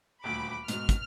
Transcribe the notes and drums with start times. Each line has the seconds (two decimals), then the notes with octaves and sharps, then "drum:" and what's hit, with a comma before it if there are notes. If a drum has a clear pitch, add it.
0.24 D#1 D2 B5 D6
0.68 G#2 B2 F6, drum: hi-hat
0.89 drum: kick, hi-hat